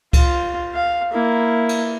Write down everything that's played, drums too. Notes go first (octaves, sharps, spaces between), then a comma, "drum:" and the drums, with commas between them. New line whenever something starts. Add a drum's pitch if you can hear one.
F4, drum: kick C#2, cymbal
F5
A#3 E4
drum: cymbal